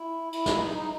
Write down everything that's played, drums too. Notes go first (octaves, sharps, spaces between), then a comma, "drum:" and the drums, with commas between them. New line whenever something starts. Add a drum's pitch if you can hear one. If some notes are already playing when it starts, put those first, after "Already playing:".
Already playing: E4
E4, drum: cymbal
drum: snare
D#4
D#4